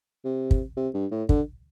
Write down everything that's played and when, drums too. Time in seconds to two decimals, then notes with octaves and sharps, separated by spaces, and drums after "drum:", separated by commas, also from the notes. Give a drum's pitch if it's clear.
0.25 C3
0.51 drum: kick
0.77 C3
0.94 G2
1.11 A2
1.29 D3, drum: kick